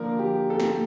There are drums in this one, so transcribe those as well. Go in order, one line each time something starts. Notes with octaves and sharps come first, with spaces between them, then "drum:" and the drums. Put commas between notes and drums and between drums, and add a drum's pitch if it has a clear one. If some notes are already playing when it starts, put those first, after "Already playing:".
Already playing: D3 F3 A#3 D4 A#4
G4
A4
drum: snare